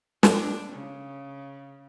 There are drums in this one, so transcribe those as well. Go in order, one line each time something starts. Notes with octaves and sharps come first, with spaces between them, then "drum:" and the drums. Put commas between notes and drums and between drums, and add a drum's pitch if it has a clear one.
D4, drum: snare
C#3